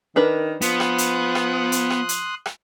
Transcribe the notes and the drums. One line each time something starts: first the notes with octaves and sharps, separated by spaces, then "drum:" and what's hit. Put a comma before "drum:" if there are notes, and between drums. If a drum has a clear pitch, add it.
D#3 D4 A#4 B4
F3 B3 C6 D#6 F#6, drum: hi-hat
drum: rim click
drum: hi-hat
drum: rim click
drum: hi-hat
drum: rim click
drum: hi-hat
drum: rim click